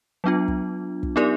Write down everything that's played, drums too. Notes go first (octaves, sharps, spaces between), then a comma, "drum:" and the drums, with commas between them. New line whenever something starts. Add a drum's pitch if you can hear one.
F#3 B3 D4 F4
drum: kick
drum: kick
B3 D#4 G4 A#4 D5